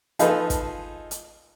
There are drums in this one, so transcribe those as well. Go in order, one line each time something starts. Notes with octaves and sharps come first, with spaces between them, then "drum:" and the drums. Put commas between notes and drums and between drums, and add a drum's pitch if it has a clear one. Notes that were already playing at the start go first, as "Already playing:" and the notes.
F3 D#4 F4 G#4 A4 B4, drum: hi-hat
drum: kick, hi-hat
drum: hi-hat